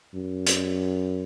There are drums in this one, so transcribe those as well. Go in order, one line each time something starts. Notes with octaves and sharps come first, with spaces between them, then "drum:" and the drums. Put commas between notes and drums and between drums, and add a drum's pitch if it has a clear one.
F#2
drum: hi-hat